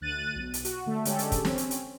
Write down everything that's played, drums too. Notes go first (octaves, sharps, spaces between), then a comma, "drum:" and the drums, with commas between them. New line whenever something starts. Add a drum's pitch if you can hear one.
D2 F#6 A6 D#7
B1
drum: hi-hat
F#4, drum: hi-hat
D3 A3
D3 G#3 C#4 G4 A4, drum: hi-hat
drum: hi-hat
drum: kick, hi-hat
C4 C#4, drum: snare
drum: hi-hat
drum: hi-hat